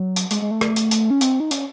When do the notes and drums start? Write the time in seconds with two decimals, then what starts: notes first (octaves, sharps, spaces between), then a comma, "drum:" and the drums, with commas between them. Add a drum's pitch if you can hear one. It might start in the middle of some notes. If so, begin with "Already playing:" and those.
Already playing: F#3
0.16 drum: hi-hat
0.31 G#3, drum: hi-hat
0.42 G#3
0.51 A3
0.61 drum: rim click
0.76 drum: hi-hat
0.91 drum: hi-hat
1.10 C#4
1.21 C4, drum: hi-hat
1.40 D#4
1.51 C#4, drum: hi-hat